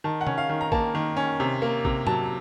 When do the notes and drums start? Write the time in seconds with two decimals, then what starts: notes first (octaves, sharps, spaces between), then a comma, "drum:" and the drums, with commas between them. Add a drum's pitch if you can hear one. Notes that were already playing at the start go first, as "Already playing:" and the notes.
0.04 D#3 A5
0.21 F#5
0.27 C#4, drum: tom C3
0.38 F5
0.49 D#3
0.61 A#5
0.72 A#3 A5, drum: kick A1
0.95 D#3
1.17 C#4
1.40 C3
1.62 A#3
1.85 C3, drum: kick A1
2.07 F#3 A5, drum: tom